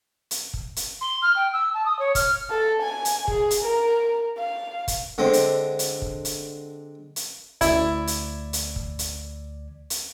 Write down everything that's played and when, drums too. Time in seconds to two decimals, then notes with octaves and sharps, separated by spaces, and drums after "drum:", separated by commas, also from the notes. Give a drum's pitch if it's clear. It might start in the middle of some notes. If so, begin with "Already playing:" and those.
0.31 drum: hi-hat
0.54 drum: kick
0.76 drum: hi-hat
1.01 C6
1.22 F6
1.36 G5
1.53 E6
1.74 A5
1.85 D#6
1.99 C#5
2.15 F6, drum: kick, hi-hat
2.50 A4
2.82 G#5
3.05 drum: hi-hat
3.28 G#4, drum: kick
3.51 drum: hi-hat
3.63 A#4
4.38 F5
4.88 drum: kick, hi-hat
5.18 D3 G#3 C4
5.33 drum: hi-hat
5.79 drum: hi-hat
6.02 drum: kick
6.25 drum: hi-hat
7.16 drum: hi-hat
7.61 D2 E4 D5 G#6, drum: kick, hi-hat
8.07 drum: hi-hat
8.53 drum: hi-hat
8.76 drum: kick
8.99 drum: hi-hat
9.90 drum: hi-hat